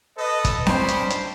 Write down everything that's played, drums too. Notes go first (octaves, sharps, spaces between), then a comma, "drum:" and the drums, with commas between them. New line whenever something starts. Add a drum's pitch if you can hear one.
A4 B4 D#5
drum: kick, hi-hat
C#4 D4 C5 G5 B5, drum: snare C4
drum: hi-hat
drum: hi-hat